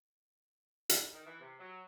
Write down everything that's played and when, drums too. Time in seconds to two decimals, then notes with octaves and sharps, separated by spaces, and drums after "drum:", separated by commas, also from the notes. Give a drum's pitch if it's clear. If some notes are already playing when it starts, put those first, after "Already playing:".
0.89 drum: hi-hat
1.11 D#3
1.25 E3
1.40 C3
1.59 F#3